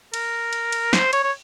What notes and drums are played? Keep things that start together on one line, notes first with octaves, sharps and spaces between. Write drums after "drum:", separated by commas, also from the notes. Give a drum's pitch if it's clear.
A#4, drum: cymbal
drum: cymbal
drum: cymbal
C5, drum: snare
C#5, drum: cymbal
C#5